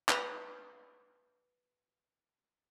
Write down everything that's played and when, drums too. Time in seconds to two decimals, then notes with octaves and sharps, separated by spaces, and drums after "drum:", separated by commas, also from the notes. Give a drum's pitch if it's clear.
0.09 B4 A#5, drum: clap